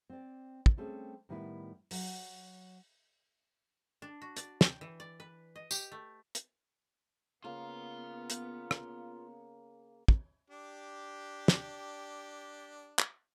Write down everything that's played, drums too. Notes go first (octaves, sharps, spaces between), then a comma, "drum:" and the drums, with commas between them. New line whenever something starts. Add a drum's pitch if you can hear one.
C4 D5
drum: kick
G3 A3 C4 C#4 G#4 A4
A2 D#3 G3 B3 E4
F#3, drum: open hi-hat
D4
F#4
D5, drum: hi-hat
G5, drum: snare
E3
D5
B4
D#5
G4, drum: tambourine
A3
drum: hi-hat
C#3 A#3 B3 F4
drum: hi-hat
drum: rim click
drum: kick
D4 G4
drum: snare
drum: clap